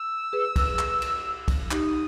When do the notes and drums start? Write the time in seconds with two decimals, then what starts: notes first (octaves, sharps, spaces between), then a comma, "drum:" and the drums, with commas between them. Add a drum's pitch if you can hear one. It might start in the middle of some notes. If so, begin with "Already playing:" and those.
Already playing: E6
0.33 G#4 B4
0.56 drum: kick, cymbal
0.79 drum: clap
1.02 drum: cymbal
1.48 drum: kick, cymbal
1.71 D#4 G4 D#6, drum: clap